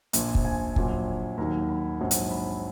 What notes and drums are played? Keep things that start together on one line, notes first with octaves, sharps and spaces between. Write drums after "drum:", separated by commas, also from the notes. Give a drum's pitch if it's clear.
A#1 A#2 F3, drum: hi-hat
drum: kick
G#5
A#1 A#2 F#3, drum: kick
D#2 D#3 F#3 A#5
B5
A#1 G#2 F#3
drum: hi-hat
B5